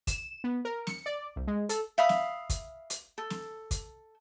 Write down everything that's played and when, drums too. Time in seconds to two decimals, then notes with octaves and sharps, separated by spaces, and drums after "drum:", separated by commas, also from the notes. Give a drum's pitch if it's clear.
0.07 E7, drum: kick, hi-hat
0.44 B3
0.65 A#4
0.87 C#7, drum: snare
1.06 D5
1.36 C2
1.47 G#3
1.69 A4, drum: hi-hat
1.98 E5 F5 B5 D#6
2.09 drum: snare
2.50 drum: kick, hi-hat
2.90 drum: hi-hat
3.18 A4
3.30 drum: snare
3.71 drum: kick, hi-hat